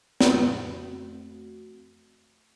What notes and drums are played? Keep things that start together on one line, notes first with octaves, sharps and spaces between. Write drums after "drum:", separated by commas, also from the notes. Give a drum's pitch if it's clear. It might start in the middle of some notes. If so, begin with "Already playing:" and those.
F2 A3 C4 F#4, drum: snare